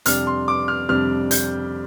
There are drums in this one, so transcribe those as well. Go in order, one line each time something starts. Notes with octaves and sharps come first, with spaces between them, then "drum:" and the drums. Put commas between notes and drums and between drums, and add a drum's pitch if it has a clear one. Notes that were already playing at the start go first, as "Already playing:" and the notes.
F2 C3 G3 D4 F6, drum: hi-hat
C6
D6
F6
F2 C3 G3 D4 F6
G6, drum: hi-hat